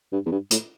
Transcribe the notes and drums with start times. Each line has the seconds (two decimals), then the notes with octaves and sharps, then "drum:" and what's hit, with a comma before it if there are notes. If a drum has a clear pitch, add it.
0.13 G2
0.26 E2
0.32 G2
0.51 A2, drum: hi-hat